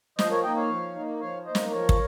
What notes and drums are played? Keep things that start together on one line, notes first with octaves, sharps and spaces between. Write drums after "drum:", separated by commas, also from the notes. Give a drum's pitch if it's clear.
F3 C5 D#5, drum: snare
A#4 C#5
A#3 D#4 D#5 G5
C#5 F5
F3
A#3 D#4
F3 C#5 F5
A#3 D#4 C5 D#5
drum: snare
F3 A#4 C#5
drum: kick